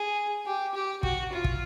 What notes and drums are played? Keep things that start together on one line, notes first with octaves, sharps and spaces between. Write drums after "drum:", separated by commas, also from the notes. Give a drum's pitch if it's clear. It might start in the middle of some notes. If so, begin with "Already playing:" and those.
Already playing: G#4
G4
G4
F#4, drum: kick
F4
drum: kick